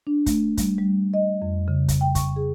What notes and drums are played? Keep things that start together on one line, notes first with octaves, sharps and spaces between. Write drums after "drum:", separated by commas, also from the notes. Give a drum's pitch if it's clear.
D4
A3, drum: kick, hi-hat
G3, drum: kick, hi-hat
G3
D#5
F2
C#3
drum: kick, hi-hat
G5
C#6, drum: kick, hi-hat
G#4